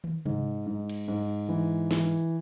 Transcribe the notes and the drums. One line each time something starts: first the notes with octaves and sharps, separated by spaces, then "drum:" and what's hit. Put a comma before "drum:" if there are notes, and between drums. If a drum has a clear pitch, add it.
drum: tom
G#2, drum: tom C3
G#2
drum: cymbal
G#2
E3
E3, drum: snare
drum: open hi-hat